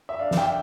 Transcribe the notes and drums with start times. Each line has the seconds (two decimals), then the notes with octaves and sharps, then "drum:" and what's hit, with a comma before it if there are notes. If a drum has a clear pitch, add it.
0.09 E5
0.19 D4 D5 F5
0.31 F5, drum: snare
0.37 E5 G5
0.46 D4